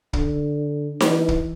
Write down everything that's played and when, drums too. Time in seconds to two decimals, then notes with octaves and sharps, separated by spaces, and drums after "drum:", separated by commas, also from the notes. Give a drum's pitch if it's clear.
0.13 D3, drum: kick
1.00 E3, drum: snare D#4
1.28 drum: kick